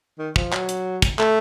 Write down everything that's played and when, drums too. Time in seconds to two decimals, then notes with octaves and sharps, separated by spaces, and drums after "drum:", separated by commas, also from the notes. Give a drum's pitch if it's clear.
0.19 D#3
0.36 F3, drum: kick
0.53 F#3, drum: clap
0.69 drum: hi-hat
1.02 drum: kick, hi-hat
1.19 A3, drum: clap